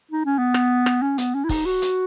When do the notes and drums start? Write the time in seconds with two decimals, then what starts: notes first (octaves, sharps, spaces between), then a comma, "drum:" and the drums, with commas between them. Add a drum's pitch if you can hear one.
0.11 D#4
0.25 C#4
0.38 B3
0.54 drum: rim click
0.86 drum: rim click
1.02 C#4
1.18 B3, drum: hi-hat
1.34 C#4
1.44 E4
1.49 D#4, drum: kick, open hi-hat
1.65 F#4
1.82 drum: hi-hat